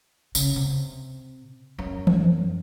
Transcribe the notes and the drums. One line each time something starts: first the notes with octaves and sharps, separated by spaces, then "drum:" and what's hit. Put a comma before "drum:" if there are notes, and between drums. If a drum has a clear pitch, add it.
C#3, drum: tambourine
C3
F#2
drum: tom E3